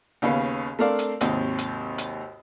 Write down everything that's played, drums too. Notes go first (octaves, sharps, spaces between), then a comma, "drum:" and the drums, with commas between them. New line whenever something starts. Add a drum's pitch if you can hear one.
D#2 C#3 B3 C#4 F5
A3 C4 D4 A#4 D5 F5
drum: hi-hat
G#1 D#2 C3, drum: hi-hat
drum: hi-hat
drum: hi-hat